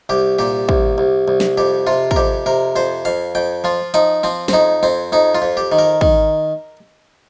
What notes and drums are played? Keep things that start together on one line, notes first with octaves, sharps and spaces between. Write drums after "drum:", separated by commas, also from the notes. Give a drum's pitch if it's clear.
C2 G4
A#2 G4
C2, drum: kick
C2
C2
drum: snare
F2 G4
C3 F4
A#4, drum: kick
F2 G4
C3 A#4
F2 C5
F2 F5
F2 G5
F3 F4
F3 D#4, drum: hi-hat
F3 C4
C4, drum: snare
F2 D#4
F2 C4
F2 D#4
F4
F2
G4
D#3
A#4
D#3, drum: kick